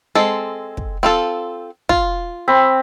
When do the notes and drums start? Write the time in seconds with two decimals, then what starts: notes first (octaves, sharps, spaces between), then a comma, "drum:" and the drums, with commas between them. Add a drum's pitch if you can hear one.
0.15 G#3 C4 A4
0.77 drum: kick
1.03 C4 F4 A4
1.89 F4, drum: kick
2.48 C4 B5